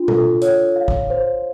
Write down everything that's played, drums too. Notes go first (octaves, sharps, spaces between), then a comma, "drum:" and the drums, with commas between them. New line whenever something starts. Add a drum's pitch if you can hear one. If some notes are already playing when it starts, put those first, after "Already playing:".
Already playing: D4 F4
A4, drum: tom B2
C#5, drum: hi-hat
F5
drum: kick
C5